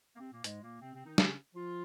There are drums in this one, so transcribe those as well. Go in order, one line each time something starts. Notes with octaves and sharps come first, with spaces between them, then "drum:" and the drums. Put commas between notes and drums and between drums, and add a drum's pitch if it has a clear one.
A#3
C3 C4
A#2 A#3
G#2 G#3, drum: hi-hat
A#2 A#3
C3 C4
C3 C4
D#3 D#4
C#3 C#4, drum: snare
F3 F4